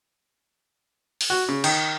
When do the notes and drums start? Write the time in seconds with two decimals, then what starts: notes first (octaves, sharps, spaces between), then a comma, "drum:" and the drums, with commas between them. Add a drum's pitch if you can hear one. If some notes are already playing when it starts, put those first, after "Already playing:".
1.21 drum: open hi-hat
1.30 F#4
1.49 C#3
1.64 D#3, drum: cymbal